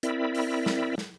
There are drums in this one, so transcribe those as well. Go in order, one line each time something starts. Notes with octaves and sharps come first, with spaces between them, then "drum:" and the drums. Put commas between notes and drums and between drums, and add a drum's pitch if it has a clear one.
C4 E4 A#4 D5 E5 B5, drum: hi-hat
drum: open hi-hat
drum: snare
drum: snare